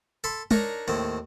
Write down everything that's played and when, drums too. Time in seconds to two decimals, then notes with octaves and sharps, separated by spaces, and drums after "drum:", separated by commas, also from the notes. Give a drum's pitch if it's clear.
0.24 A4 B5 C6
0.51 D4 D#4 A#4 C#5, drum: tom
0.88 D#2 A2 C4